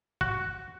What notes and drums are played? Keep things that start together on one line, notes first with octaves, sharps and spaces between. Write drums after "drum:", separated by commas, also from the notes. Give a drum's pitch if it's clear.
F#4, drum: kick